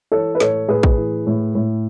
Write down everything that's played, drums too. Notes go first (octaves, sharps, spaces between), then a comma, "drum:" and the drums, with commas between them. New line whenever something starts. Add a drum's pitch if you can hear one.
E3 A4 C#5
B4
A2 A4 C#5, drum: snare
A2 G#4 B4
drum: kick
E3
A2
A2